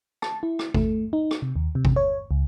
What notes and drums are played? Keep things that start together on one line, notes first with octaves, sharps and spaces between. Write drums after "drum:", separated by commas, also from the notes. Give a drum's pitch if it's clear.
A5, drum: rim click
E4
drum: rim click
A3, drum: kick
D#4
drum: rim click
C3
D#2
C3
drum: kick
C#5
C#2